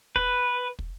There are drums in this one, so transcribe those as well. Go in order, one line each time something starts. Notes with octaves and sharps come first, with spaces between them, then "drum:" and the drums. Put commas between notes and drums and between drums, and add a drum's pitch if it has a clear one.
B4, drum: kick
drum: kick